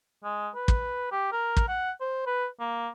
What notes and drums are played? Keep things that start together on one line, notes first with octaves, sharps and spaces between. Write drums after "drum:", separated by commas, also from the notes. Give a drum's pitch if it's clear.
G#3
B4
drum: kick
G4
A#4
drum: kick
F#5
C5
B4
A#3